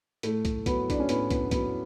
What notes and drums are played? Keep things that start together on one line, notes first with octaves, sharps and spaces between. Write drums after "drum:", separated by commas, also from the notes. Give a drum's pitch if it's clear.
A2 A3, drum: hi-hat
drum: kick, hi-hat
F#3 B3, drum: kick, hi-hat
D4, drum: kick, hi-hat
C#4
A2 B3, drum: hi-hat
B3, drum: kick, hi-hat
F#3 B3, drum: kick, hi-hat